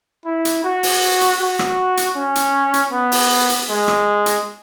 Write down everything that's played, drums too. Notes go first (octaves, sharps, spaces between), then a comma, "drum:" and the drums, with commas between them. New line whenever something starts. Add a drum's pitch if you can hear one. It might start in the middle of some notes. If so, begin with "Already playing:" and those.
E4
drum: hi-hat
F#4
drum: open hi-hat
drum: hi-hat
F#4
drum: rim click
drum: hi-hat
C#4
drum: hi-hat
drum: hi-hat
B3
drum: open hi-hat
drum: hi-hat
G#3
drum: rim click
drum: hi-hat